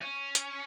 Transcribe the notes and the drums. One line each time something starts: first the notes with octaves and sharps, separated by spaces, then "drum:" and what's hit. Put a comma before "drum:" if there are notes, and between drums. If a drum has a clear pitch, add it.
C#4
drum: hi-hat